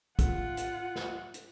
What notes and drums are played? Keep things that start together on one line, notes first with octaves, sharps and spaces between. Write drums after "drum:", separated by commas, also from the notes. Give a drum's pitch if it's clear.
F4 F#5, drum: kick, hi-hat
drum: hi-hat
drum: snare
drum: hi-hat